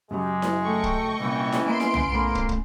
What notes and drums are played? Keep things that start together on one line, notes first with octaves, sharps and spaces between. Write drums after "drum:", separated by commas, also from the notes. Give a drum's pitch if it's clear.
F#2 C#3 F#3 G#3 G4
drum: snare E4
A3 D#5 G5 C#6
drum: kick
C2 A#2 E3 C#4
drum: snare E4
A#3 B3 D#5 E5 C6 D7
drum: snare E4
drum: tom
A2 A#3 B5
drum: kick
drum: kick